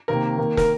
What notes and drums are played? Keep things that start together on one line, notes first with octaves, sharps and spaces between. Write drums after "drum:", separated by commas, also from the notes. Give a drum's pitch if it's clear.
C3 D#3 A#3 A#4
D#3 A#3
A#4, drum: snare